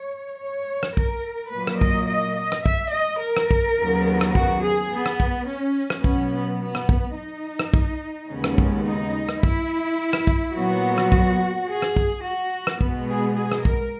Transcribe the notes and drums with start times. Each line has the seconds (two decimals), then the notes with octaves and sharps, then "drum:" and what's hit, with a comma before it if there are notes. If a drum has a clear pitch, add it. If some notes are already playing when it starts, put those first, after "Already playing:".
Already playing: C#5
0.41 C#5
0.83 drum: rim click
0.97 A#4, drum: kick
1.53 A#2 F#3 A#3 B4
1.67 drum: rim click
1.81 D#5, drum: kick
2.10 D#5
2.38 D#5
2.52 drum: rim click
2.66 E5, drum: kick
2.94 D#5
3.22 A#4
3.37 drum: rim click
3.51 drum: kick
3.79 D#2 C#3 F#3 B3
4.21 drum: rim click
4.35 F#4, drum: kick
4.63 G#4
4.91 B3
5.06 drum: rim click
5.20 drum: kick
5.48 C#4
5.90 drum: rim click
6.04 B2 F#3 B3 C#4, drum: kick
6.33 B3
6.61 B3
6.75 drum: rim click
6.89 drum: kick
7.17 D#4
7.59 drum: rim click
7.74 drum: kick
8.30 D#2 C#3 G#3 B3 C#4
8.44 drum: rim click
8.58 drum: kick
8.86 D#4
9.29 drum: rim click
9.43 E4, drum: kick
10.13 drum: rim click
10.27 drum: kick
10.55 A#2 F#3 B3 F#4
10.98 drum: rim click
11.12 drum: kick
11.68 G#4
11.82 drum: rim click
11.96 drum: kick
12.24 F#4
12.67 drum: rim click
12.81 B2 G#3 B3, drum: kick
13.10 G#4
13.38 G#4
13.52 drum: rim click
13.65 A#4, drum: kick